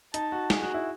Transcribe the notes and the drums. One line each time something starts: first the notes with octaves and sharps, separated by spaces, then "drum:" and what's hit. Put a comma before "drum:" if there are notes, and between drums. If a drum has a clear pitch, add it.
D#4 A5, drum: hi-hat
F#4
G#4, drum: snare
F#4
E4